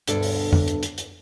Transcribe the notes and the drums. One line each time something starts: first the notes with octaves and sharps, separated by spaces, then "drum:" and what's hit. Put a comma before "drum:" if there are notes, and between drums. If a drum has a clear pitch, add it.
D2 G2 B2 D4 A4 D5, drum: hi-hat
drum: open hi-hat
drum: tom F2
drum: hi-hat
drum: hi-hat
drum: hi-hat